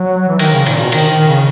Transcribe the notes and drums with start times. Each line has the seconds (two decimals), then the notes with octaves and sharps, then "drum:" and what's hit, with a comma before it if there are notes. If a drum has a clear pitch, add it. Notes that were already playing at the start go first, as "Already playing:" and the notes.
Already playing: F#3
0.29 E3
0.39 D#3, drum: cymbal
0.52 C#3
0.66 A#2, drum: cymbal
0.79 B2
0.92 D#3, drum: cymbal
1.09 D#3
1.27 C#3